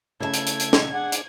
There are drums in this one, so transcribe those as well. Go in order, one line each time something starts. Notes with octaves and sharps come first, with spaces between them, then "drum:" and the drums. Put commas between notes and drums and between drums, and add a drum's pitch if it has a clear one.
C#3 A3 E4 D5 A5 G#6
drum: hi-hat
drum: hi-hat
drum: hi-hat
drum: snare
D4 G#4 F#5
drum: hi-hat